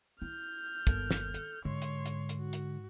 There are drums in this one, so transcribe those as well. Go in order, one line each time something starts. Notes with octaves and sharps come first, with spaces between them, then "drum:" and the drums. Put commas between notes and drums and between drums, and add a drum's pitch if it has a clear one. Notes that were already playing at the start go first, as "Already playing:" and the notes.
E4 F6 G6
G1 D#2 A4 A#4, drum: kick, hi-hat
drum: snare
A4, drum: hi-hat
G#2 D3 G#3 C#5 C6
drum: hi-hat
drum: hi-hat
drum: hi-hat
F#4
drum: hi-hat